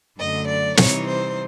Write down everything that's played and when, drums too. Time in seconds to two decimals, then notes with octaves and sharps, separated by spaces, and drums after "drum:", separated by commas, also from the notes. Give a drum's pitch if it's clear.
0.18 F#2 D3 F#3 A3 D#5
0.48 D5
0.77 C3 E3 G3 C4 D#4 C#5, drum: snare
1.08 C5